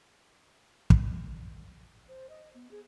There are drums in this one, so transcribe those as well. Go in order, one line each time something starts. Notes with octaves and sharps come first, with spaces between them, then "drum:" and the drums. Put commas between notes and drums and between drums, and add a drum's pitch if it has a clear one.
drum: kick
C5
D#5
B3
G#4